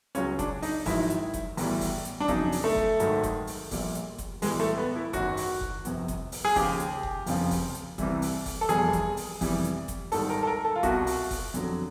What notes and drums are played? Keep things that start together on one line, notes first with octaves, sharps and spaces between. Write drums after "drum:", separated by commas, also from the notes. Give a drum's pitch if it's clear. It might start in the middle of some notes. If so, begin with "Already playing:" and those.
C#2 C#3 F#3 C#4, drum: hi-hat
D4, drum: kick F#1, hi-hat
D#4, drum: open hi-hat
A#1 G#2 D#3 F#3 E4, drum: kick F#1, open hi-hat
drum: hi-hat
drum: kick F#1, hi-hat
B1 A2 E3 G3, drum: open hi-hat
drum: kick F#1, open hi-hat
drum: hi-hat
D4
F2 C#3 F#3 D#4, drum: kick F#1, hi-hat
drum: open hi-hat
A3
drum: kick F#1
G#1 G#2 D#3 F#3, drum: hi-hat
drum: kick F#1, hi-hat
drum: open hi-hat
A#1 A#2 G3, drum: kick F#1, open hi-hat
drum: hi-hat
drum: kick F#1, hi-hat
B1 A2 E3 G3 G#3, drum: open hi-hat
A3
B3
E4
G#1 F#2 D#3 F#3 F#4, drum: kick F#1, hi-hat
drum: open hi-hat
drum: kick F#1
G1 F2 C3, drum: hi-hat
drum: kick F#1, hi-hat
drum: open hi-hat
G#4
D#2 C#3 F3 G4, drum: kick F#1, open hi-hat
drum: hi-hat
drum: kick F#1
F1 F2 C#3 F3, drum: open hi-hat
drum: kick F#1, open hi-hat
drum: hi-hat
C2 C3 E3 G3, drum: kick F#1, hi-hat
drum: open hi-hat
drum: kick F#1, open hi-hat
A4
F1 E2 B2 G3 G#4, drum: hi-hat
drum: kick F#1, hi-hat
drum: open hi-hat
F2 C3 E3 G3, drum: kick F#1, open hi-hat
drum: hi-hat
drum: kick F#1, hi-hat
G#1 G#2 D#3 G3 A4, drum: open hi-hat
A#4
A4
A#4
A4
F4
C2 B2 G3 F#4, drum: kick F#1, hi-hat
drum: open hi-hat
drum: kick F#1, open hi-hat
F2 D3 F#3, drum: hi-hat